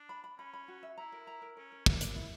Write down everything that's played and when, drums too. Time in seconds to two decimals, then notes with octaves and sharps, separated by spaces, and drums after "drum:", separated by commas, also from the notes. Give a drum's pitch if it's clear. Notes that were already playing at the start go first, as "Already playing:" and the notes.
Already playing: D4
0.09 B5
0.24 B5
0.38 C#4 B5
0.53 B5
0.68 F#4
0.83 E5
0.97 E4 A#5
1.12 A#4
1.27 A#5
1.42 A#4
1.57 C#4 A#4
1.72 A#4
1.86 D4 A#4, drum: kick
2.01 A#4, drum: hi-hat
2.16 E4